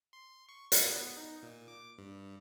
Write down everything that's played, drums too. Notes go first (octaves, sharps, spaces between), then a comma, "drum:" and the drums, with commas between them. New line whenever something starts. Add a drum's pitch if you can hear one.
C6
C#6
A2, drum: hi-hat
B3
D#4
A#2
D6
G2